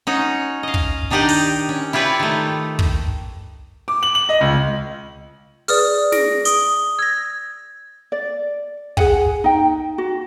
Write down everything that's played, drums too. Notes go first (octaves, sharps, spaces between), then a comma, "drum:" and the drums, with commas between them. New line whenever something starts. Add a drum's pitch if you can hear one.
C#4 D#4 F#4
D#5 F5
drum: kick
D#3 D4 D#4 G4 D5 D#5
drum: open hi-hat
C#4
E4 F4 G4 B4 C#5 D5
D#3 A3
drum: kick
D6
F#7
F#7
D#5
C#2
G#4 B4 D5 D#6 F6, drum: open hi-hat
G#4 A#6 D7, drum: snare
D#6 G7, drum: hi-hat
E6 G#6 A#6
D5
G#4 F#5 G#5, drum: kick
D#4 G5
F#4